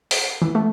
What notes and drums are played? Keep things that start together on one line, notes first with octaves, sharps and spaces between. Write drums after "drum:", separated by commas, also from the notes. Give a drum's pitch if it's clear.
drum: open hi-hat
E3
A3